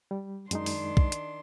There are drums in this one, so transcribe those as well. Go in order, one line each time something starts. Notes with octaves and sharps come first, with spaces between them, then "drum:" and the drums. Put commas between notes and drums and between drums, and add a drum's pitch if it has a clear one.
G3
F#2 D#3 G#3 D4 D#4 C6, drum: hi-hat
drum: open hi-hat
drum: kick
drum: hi-hat